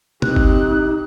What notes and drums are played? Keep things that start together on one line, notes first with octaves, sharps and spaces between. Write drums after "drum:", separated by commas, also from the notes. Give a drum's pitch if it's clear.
C4 D#4 G4 F#6, drum: tom B2
drum: kick G1